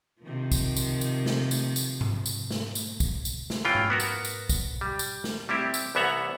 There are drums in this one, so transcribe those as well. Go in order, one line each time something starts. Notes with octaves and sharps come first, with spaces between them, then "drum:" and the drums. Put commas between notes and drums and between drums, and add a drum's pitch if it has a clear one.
C3 D#3 F3
drum: kick, tambourine
drum: tambourine
drum: tambourine
drum: snare
drum: tambourine
drum: tambourine
drum: tom G#2
drum: tambourine
drum: snare
drum: tambourine
drum: kick, tambourine
drum: tambourine
drum: snare
E3 C#4 F4 G5
drum: tom G#2
B3 F#4 A#4
drum: tambourine
drum: tambourine
drum: kick, tambourine
G3
drum: tambourine
drum: snare
G3 C4 E4 G4
drum: tambourine
C2 E3 B3 E5 F#5 A#5